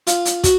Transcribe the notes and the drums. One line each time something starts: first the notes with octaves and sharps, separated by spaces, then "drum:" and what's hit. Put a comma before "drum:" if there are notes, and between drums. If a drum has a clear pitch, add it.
F4, drum: hi-hat
drum: hi-hat
F#4, drum: kick, hi-hat